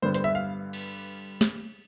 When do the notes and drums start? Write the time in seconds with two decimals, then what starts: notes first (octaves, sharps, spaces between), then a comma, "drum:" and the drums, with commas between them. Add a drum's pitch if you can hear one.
0.02 G2 D3 G3 B3 C5
0.14 C5, drum: hi-hat
0.24 E5
0.35 F5
0.73 drum: cymbal
1.41 drum: snare